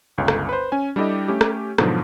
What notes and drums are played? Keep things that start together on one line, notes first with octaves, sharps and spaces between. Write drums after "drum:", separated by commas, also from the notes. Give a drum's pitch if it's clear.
G1 C#2 C#4 F5
drum: rim click
B4 C5
C#4 G#5
G3 D4 E4 G4 A4 D#5
A3 C#4 G4
drum: rim click
G#2 B2 D3 F3 F#3, drum: rim click